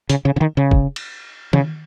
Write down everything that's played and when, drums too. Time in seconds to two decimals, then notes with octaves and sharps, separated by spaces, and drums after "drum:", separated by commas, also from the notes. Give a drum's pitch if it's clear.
0.10 C#3, drum: hi-hat
0.25 C#3
0.36 C#3
0.41 D#3
0.57 C#3
0.71 drum: kick
0.96 drum: cymbal
1.53 C#3, drum: tom D#3